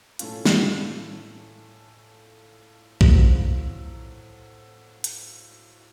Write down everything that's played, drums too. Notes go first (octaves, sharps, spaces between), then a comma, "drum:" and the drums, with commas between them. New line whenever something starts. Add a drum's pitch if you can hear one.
A2 A3 C#4 F4, drum: hi-hat
drum: snare
A2 F#3 C4 F4, drum: kick
drum: hi-hat